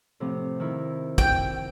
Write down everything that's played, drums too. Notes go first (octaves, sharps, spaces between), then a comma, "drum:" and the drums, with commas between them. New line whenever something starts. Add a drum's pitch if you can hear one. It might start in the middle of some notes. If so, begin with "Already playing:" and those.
A2 C3 F3
D#3 E4
G5, drum: kick